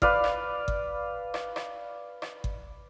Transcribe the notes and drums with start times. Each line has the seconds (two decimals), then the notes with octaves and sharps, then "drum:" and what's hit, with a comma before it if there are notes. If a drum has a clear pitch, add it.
0.02 B4 D5 F5, drum: kick G1
0.24 drum: rim click
0.68 drum: kick G1
1.34 drum: rim click
1.56 drum: rim click
2.22 drum: rim click
2.44 drum: kick G1